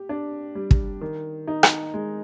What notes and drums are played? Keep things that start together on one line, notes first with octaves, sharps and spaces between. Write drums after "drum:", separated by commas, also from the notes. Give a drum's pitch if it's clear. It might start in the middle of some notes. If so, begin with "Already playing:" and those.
Already playing: G4
D4
G3
drum: kick
D#3
D#4
drum: rim click
G#3